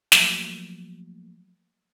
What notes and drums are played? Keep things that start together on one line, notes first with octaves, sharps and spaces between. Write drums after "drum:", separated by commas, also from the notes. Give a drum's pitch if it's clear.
F3 F#3 A3 A#3, drum: snare